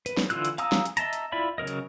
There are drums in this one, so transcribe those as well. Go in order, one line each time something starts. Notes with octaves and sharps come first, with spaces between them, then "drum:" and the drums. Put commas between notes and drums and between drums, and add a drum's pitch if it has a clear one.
B4, drum: hi-hat
drum: snare
D3 E3 F4 E6 F#6, drum: hi-hat
drum: hi-hat
F5 G#5 A#5 D#6 E6, drum: hi-hat
drum: snare
drum: hi-hat
D#5 E5 A5 A#5, drum: hi-hat
drum: hi-hat
E4 F4 D5 E5 B5
C#3 F#3 A#4 D#5
drum: hi-hat